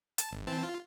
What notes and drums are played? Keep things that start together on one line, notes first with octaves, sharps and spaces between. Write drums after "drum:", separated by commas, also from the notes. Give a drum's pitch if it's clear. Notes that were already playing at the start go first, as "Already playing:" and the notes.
A5, drum: hi-hat
G#1
E3 C4 A5
F4